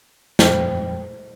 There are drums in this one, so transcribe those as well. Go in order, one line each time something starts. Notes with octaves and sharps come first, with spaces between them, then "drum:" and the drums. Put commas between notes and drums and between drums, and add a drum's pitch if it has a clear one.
F2 C5 G5, drum: snare